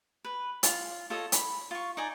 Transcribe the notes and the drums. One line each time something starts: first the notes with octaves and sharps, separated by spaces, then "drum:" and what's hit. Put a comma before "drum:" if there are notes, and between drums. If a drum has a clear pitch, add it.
B4
F4, drum: hi-hat
F4 A4 C#5 D#5
B5, drum: hi-hat
F4 C#6
D#4 D5 G#5